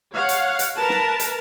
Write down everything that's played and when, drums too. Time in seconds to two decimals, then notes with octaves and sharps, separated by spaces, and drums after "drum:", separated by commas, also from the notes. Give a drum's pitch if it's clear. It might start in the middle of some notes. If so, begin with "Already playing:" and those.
0.13 C#5 F5 F#5
0.29 drum: hi-hat
0.59 drum: hi-hat
0.77 A#4 B4 A5
0.89 drum: snare
1.20 drum: hi-hat